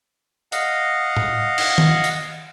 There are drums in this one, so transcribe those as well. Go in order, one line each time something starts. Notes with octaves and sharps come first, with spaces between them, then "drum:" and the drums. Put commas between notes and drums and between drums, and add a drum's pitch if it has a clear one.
D#5 F5 F#5, drum: hi-hat
drum: tom A2
drum: cymbal
drum: tom D#3
drum: hi-hat